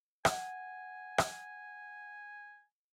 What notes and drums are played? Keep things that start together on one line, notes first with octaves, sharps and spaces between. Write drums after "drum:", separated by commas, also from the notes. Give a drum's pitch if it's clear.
F#5 G#5, drum: rim click
drum: rim click